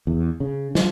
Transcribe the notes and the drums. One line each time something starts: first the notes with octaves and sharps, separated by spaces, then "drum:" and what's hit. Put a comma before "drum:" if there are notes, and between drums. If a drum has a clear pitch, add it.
E2
C#3
F3, drum: snare